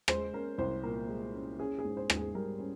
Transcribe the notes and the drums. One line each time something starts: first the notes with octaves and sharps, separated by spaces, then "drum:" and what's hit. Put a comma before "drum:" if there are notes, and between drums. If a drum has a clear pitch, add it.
G#3 C5, drum: rim click
C#4 A#4
C2 C5
A#2 A#4
G#3
C#4
C#4 G#4
G#4
G#2
C5
G#2, drum: rim click
G#4
G3 A#4
C#4